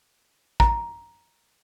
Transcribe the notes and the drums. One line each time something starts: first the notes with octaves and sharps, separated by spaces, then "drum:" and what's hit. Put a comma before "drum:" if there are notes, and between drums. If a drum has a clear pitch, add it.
A#5, drum: kick A1